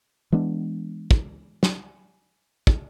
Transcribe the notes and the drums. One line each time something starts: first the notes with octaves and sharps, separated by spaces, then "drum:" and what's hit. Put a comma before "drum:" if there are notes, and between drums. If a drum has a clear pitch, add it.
E3 G#3 B3 D4
drum: kick
drum: snare
drum: kick